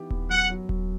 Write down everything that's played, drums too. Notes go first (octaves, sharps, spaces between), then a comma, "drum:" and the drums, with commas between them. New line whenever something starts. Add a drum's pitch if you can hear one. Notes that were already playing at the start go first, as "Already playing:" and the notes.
Already playing: E3 B3 D#4 G4
B3, drum: kick D#1
F#2 F#5
F#3
F#2, drum: kick D#1